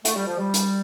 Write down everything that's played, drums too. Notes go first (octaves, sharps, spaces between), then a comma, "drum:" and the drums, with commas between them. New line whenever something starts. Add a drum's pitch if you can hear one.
A3, drum: hi-hat
G3
F3
G3
drum: hi-hat